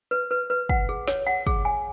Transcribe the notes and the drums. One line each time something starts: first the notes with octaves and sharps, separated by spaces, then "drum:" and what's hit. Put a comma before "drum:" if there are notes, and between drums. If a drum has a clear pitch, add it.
B4
B4
B4
F#5, drum: kick
G#4
C#5, drum: snare
F#5
G#4, drum: kick
G#5